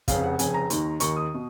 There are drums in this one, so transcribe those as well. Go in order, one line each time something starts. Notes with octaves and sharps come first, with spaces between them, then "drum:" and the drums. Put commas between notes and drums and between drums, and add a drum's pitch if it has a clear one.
F1 F2 C#3 F5, drum: kick, hi-hat
F#5
F1 F2 C#3 G#5, drum: hi-hat
A#5
D#2 D#3, drum: hi-hat
D#2 D#3 C#6, drum: hi-hat
D#6
B2